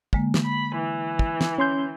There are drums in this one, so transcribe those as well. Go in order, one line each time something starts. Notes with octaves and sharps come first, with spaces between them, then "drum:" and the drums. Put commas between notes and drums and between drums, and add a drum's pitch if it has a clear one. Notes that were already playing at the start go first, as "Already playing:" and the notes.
D3 G#3 A#3, drum: kick
drum: snare
B5
E3
drum: kick
drum: snare
C#4 C6 G6